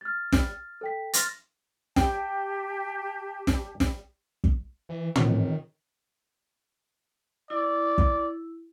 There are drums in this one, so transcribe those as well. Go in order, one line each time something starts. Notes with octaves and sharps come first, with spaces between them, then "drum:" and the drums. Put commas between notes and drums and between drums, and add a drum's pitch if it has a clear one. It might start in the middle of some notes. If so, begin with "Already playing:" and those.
F6 A6
drum: snare
A4 G5 B6
C6 F6 A6 A#6, drum: hi-hat
G4 G5 A5, drum: snare
drum: snare
drum: snare
drum: kick
E3
C#2 A#2 D#3 E3 C4, drum: tom
E4 D5
drum: kick